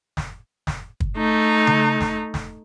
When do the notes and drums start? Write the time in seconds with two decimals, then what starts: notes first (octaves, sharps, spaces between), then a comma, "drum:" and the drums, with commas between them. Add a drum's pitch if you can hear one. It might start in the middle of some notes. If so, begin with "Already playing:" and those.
0.17 drum: snare
0.67 drum: snare
1.00 drum: kick
1.17 A3 D#4
1.67 drum: tom C#3
2.00 drum: snare
2.34 drum: snare